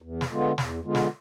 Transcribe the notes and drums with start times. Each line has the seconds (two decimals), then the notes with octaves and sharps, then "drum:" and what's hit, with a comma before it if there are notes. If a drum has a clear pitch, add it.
0.02 E2
0.21 drum: snare
0.31 D3 G#3 B3 F4
0.58 E2, drum: snare
0.85 D3 G#3 B3 F4
0.95 drum: snare